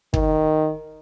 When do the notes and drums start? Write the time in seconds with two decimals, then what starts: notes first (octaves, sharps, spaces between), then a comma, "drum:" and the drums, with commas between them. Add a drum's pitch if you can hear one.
0.14 D#3, drum: kick